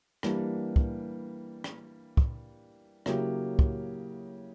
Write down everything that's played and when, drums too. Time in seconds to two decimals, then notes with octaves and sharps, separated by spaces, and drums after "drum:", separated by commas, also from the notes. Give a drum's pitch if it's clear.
0.23 E3 G3 A#3 D4, drum: rim click
0.76 drum: kick
1.64 drum: rim click
2.17 drum: kick
3.06 C#3 F#3 A#3 E4 G4, drum: rim click
3.59 drum: kick